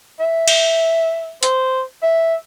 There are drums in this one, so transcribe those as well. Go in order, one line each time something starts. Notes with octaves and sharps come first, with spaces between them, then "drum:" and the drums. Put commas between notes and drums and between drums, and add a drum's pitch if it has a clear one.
E5
drum: cymbal
C5, drum: hi-hat
E5